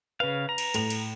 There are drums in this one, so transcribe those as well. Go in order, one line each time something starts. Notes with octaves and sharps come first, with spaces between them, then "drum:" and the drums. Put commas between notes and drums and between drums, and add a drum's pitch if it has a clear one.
C#3 B4 F5
A#5
drum: cymbal
A2 F7, drum: cymbal
drum: cymbal